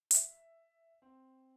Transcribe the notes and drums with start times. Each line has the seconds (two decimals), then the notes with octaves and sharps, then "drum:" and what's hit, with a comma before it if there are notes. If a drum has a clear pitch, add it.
0.11 E5, drum: hi-hat
1.02 C4